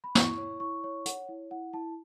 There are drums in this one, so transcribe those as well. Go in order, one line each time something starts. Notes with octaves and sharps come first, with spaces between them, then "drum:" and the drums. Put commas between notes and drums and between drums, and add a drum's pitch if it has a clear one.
B5
E4 C#6, drum: snare
C#5
E4 C#6
C#5
C#5 F#5, drum: hi-hat
E4
E4 F#5
E4 A5